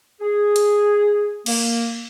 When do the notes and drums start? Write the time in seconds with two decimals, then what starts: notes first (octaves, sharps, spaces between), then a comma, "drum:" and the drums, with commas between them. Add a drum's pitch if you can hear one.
0.21 G#4
0.56 drum: hi-hat
1.46 A#3, drum: cymbal